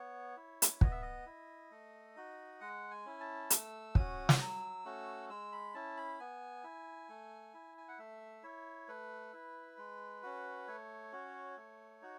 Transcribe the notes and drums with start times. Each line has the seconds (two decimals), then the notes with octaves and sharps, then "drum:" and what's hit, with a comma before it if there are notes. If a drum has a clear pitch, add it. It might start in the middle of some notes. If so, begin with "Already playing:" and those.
Already playing: B3 C#5
0.37 E4
0.62 drum: hi-hat
0.81 B3 D#5, drum: kick
0.92 E5
1.02 D#5
1.26 E4
1.71 A3
2.16 D#4 F#4
2.61 G#3 F#5
2.91 G#5
3.05 C#4 E4
3.20 A5
3.50 A3 E6, drum: hi-hat
3.95 C#4 F#4 D#6, drum: kick
4.29 drum: snare
4.40 F#3 E6
4.85 A3 C#4 F#4
5.30 G#3 E6
5.52 B5
5.75 C#4 E4 A5
5.97 B5
6.19 B3 G#5
6.64 E4
7.09 A3
7.54 E4
7.78 G#5
7.88 F#5
7.98 A3 E5
8.43 E4 C#5
8.88 A3 B4
9.33 E4
9.77 G#3
10.23 C#4 F#4
10.68 A3 C#5
11.12 C#4 F#4
11.57 A3
12.02 D#4 F#4